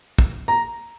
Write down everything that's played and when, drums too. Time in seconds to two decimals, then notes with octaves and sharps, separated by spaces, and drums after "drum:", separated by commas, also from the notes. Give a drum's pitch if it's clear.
0.18 drum: kick
0.48 A#5